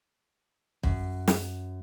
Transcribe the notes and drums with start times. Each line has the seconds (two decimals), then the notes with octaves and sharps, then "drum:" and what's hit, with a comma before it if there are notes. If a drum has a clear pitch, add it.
0.83 F#2, drum: kick
1.28 drum: snare